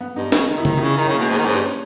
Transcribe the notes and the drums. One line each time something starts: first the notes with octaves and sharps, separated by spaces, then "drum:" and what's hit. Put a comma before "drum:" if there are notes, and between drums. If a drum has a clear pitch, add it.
B3
G2 D#4
C#3 D#4, drum: snare
D#3
E4
D#3 D#4, drum: tom C#3
E4
C#3
D#3 D#4
C#4
C#3
A#3
B2 G#3
G#2 A#3
D#3
G#2 C#4
G2
C#4